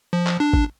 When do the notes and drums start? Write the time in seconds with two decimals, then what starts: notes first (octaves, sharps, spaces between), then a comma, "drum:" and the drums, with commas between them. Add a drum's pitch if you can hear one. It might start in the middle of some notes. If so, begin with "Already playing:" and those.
0.13 F3
0.27 drum: clap
0.40 D4
0.53 drum: kick G#1